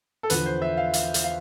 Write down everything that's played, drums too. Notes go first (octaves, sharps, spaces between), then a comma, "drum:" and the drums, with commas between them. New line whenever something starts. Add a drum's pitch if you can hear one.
A4
E2 D3 F3 B4, drum: hi-hat
C5
E5
F5
F5, drum: hi-hat
drum: hi-hat
F5